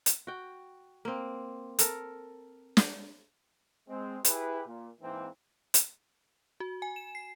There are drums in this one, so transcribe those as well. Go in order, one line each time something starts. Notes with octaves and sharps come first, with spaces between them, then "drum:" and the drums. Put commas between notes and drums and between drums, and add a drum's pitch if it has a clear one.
drum: hi-hat
F#4 G5
A#3 C4
A4 A#4, drum: hi-hat
drum: snare
G#3 C4
E4 G4 G#4 B4, drum: hi-hat
A#2
G#2 E3 A#3 C4
drum: hi-hat
F#4
G#5
E7
C7